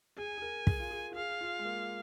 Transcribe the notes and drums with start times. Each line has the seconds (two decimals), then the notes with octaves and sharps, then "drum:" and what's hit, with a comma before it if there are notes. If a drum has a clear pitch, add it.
0.18 G#4 G#5
0.38 G#4
0.42 A#4
0.67 G#4, drum: kick
0.79 F4
0.91 G#4
1.12 F4
1.16 G#4 F5
1.41 F4
1.59 G#3
1.65 A#3